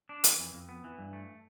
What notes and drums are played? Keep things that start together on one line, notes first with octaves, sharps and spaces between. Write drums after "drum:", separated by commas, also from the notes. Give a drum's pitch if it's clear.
D4
E3, drum: hi-hat
F2
F2
B3
E3
G2
A3